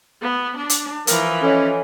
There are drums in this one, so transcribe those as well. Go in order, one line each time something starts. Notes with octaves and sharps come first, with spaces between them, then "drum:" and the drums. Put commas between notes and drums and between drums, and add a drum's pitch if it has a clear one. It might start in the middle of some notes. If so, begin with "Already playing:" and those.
B3
D4
drum: hi-hat
E3 F3 A#4, drum: hi-hat
C#4 A4 C#5 D#5